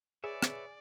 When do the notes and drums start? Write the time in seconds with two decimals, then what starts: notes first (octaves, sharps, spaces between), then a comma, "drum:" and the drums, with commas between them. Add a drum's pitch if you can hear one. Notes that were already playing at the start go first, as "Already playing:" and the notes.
0.24 G#4 B4 C#5 D5 E5
0.43 drum: rim click